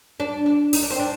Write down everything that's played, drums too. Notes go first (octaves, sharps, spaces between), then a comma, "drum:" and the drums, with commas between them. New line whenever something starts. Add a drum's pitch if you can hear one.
D4
D4
D#4, drum: open hi-hat
D4
C4
D4